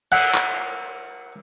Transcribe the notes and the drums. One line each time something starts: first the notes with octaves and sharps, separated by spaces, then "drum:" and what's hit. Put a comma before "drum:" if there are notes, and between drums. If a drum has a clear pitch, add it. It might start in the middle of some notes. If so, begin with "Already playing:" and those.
F#5, drum: cymbal
drum: clap